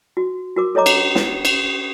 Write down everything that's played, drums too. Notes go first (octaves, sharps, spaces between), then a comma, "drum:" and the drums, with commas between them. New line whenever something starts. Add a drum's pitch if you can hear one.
F#4
F#4 A#4 D6
A4 C#5 D#5 A#5 D6
drum: cymbal
drum: snare
drum: cymbal